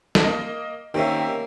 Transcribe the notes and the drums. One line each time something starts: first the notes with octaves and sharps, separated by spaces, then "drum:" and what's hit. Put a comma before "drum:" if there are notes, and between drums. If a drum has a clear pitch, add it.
drum: snare
A#3 D#5
D#3 A#3 C4 C#4 G4 A#4 E5